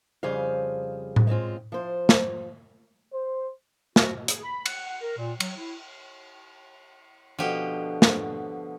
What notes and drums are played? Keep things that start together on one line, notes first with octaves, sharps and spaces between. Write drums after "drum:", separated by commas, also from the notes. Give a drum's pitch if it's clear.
F2 C#3 G3 G#4 C5 F5
drum: tom A2
G#3 C4 C#4 F4
F3 C5
drum: snare
C5
F#4, drum: snare
B2
G#4, drum: hi-hat
B5
F#5, drum: cymbal
A#4
A#2
F#3, drum: cymbal
E4
B2 D3 F3 G4
drum: snare